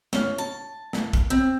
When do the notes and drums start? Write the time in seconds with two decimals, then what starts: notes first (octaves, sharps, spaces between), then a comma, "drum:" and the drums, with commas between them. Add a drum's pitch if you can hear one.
0.13 C#4, drum: snare
0.38 A5
0.93 drum: snare
1.13 drum: kick, hi-hat
1.30 C4